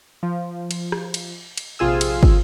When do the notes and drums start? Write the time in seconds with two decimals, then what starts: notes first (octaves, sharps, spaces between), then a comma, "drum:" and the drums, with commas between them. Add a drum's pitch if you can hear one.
0.23 F3
0.71 drum: cymbal
0.92 drum: rim click
1.14 drum: cymbal
1.58 drum: cymbal
1.79 A#1 C3 F4 G#4 E6
2.01 drum: cymbal
2.23 drum: kick